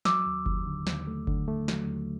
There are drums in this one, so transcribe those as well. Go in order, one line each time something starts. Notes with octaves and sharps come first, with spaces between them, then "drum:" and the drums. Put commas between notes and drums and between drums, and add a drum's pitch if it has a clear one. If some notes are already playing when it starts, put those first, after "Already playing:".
F#3 D6 E6, drum: snare
D#2
D#2, drum: kick F#1
D3
D#2, drum: snare
A3
D3, drum: kick F#1
A3
F#3, drum: snare
D#2